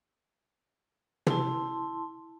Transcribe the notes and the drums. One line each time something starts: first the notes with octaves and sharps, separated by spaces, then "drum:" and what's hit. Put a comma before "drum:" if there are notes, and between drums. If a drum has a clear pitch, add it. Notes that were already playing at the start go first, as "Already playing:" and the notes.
E4 A5 C6, drum: tom